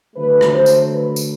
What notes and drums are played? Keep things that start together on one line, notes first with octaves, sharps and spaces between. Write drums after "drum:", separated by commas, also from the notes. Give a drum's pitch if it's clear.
D3 F#3 A3 B4
drum: rim click
C5
drum: tambourine
B4
drum: tambourine